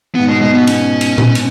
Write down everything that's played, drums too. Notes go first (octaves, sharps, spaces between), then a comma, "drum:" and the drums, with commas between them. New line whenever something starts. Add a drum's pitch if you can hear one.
B3
G#2
B2 G#3
B2 G#3
B3
C#4, drum: cymbal
drum: cymbal
drum: tom
drum: cymbal